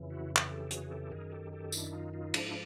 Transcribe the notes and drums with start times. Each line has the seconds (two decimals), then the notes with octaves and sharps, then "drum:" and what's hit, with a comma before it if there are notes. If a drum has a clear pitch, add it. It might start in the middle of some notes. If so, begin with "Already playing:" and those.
Already playing: F2 C#3 E3
0.10 E4 F#4
0.36 drum: clap
0.51 G4 A4
0.71 F#4 G#4, drum: hi-hat
0.91 G4 A4
1.12 F#2 D#3 G#4 A#4
1.32 G4 A4
1.53 G4 A4
1.72 D4 E4, drum: tambourine
1.93 D#4 F4
2.13 D#4 F4
2.34 G#2 F3 D4 E4, drum: cymbal